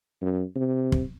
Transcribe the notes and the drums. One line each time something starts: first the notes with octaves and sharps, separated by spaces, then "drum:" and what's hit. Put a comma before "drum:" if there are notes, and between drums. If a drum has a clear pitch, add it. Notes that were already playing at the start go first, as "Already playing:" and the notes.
F#2
C3
drum: kick